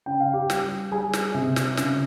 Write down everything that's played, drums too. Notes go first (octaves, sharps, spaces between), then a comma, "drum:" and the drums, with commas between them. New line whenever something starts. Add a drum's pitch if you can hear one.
C#3 G5
F5
G4 G5
G3, drum: snare
G3 G#4 G#5
drum: snare
C3
drum: snare
C#3, drum: snare